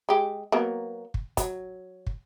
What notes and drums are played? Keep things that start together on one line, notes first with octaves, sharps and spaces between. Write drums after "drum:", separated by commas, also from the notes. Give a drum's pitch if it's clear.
G#3 G4
F#3 A#3 B3
drum: kick
F#3, drum: kick, hi-hat
drum: kick